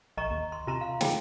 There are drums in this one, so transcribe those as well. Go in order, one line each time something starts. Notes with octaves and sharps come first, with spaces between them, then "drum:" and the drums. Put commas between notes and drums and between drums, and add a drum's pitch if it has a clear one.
A#1 D#5 A#5 C#6
D#2
C6
C3 F4 A#5 C6
F5
F4 G#4 G5, drum: snare